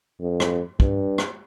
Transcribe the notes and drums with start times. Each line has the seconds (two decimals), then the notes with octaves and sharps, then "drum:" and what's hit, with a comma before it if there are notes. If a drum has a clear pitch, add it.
0.20 F2
0.40 drum: rim click
0.80 G2, drum: kick
1.18 drum: rim click